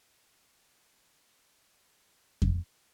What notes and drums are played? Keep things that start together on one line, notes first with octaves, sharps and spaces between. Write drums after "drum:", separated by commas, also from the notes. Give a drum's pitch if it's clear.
E3 D4 C#5 F5
C#4 G5 G#5
D#3 A#3 D4
drum: kick F2